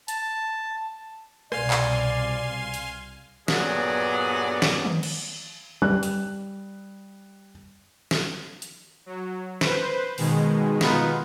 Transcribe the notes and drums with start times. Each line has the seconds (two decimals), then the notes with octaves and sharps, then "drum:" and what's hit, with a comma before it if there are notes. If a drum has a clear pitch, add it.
0.08 A5, drum: hi-hat
1.52 C2 B2 D5 F5 G#5 C6, drum: rim click
1.71 drum: clap
2.74 drum: hi-hat
3.48 G2 A#2 F#3 B3 G#4 D5, drum: snare
4.62 drum: snare
4.85 drum: tom D#3
5.03 drum: cymbal
5.82 G3 F#6
6.03 drum: hi-hat
8.11 drum: snare
8.62 drum: hi-hat
9.06 F#3
9.61 B4 C5, drum: snare
10.18 B2 D#3 G#3, drum: open hi-hat
10.81 B3 D#4 F4, drum: snare